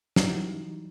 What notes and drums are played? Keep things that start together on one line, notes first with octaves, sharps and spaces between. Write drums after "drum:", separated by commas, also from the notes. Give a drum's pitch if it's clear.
E3 F#3 G3 D#4, drum: snare